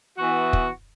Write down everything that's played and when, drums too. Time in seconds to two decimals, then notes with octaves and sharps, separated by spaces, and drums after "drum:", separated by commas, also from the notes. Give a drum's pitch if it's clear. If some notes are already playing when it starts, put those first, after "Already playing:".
0.18 E3 B3 F#4
0.53 drum: kick